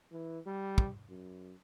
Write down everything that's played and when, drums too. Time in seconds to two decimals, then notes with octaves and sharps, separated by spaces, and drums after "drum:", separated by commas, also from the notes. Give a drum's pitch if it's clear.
0.12 E3
0.46 G3
0.78 drum: kick
1.09 F#2